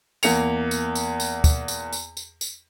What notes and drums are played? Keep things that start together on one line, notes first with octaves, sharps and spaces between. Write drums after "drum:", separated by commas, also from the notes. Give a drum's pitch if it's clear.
E2 A#3 C#7 F7, drum: tambourine
drum: tambourine
drum: tambourine
drum: tambourine
drum: kick, tambourine
drum: tambourine
drum: tambourine
drum: tambourine
drum: tambourine